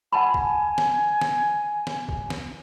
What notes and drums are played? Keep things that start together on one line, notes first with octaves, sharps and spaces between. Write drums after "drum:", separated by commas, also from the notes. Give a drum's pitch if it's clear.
F#5 G#5 A5 B5
drum: kick
drum: snare
drum: snare
drum: snare
drum: kick
drum: snare